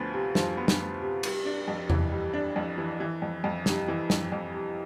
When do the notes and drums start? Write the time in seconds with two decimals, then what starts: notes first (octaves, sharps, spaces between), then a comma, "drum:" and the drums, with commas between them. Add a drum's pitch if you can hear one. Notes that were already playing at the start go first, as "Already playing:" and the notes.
Already playing: D2 F3 B3
0.13 C3
0.35 F3, drum: snare
0.57 B3
0.68 drum: snare
0.79 D2
1.02 C3
1.23 G3, drum: cymbal
1.45 D4
1.68 F2
1.90 E3, drum: tom E2
2.12 G3
2.34 D4
2.56 F2
2.78 E3
3.00 E3
3.22 F2
3.44 F2
3.66 C3, drum: snare
3.88 E3
4.10 F2, drum: snare
4.32 F2
4.54 C3